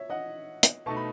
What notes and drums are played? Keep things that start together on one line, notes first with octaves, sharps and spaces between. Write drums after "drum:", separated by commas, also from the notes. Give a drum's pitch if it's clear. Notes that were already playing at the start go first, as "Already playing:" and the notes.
Already playing: C#5 E5
D#5 F#5
drum: hi-hat
B2 A3 D#4 A5 C#6
B5